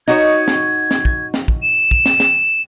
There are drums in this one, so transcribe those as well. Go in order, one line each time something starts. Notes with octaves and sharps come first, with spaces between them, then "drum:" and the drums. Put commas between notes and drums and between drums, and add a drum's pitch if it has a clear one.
D#4 F#4 C#5 G#6
drum: snare
drum: snare
drum: kick
drum: snare
drum: kick
E7
drum: kick
drum: snare
drum: snare